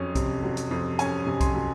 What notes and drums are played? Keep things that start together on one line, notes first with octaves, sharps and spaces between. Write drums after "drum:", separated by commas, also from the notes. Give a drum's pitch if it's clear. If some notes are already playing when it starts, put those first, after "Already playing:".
Already playing: F2 F#3 C#4
C3, drum: kick B1, hi-hat
F#3
drum: hi-hat
F2
C#4 G#5, drum: hi-hat
C3
C6, drum: kick B1, hi-hat
F#3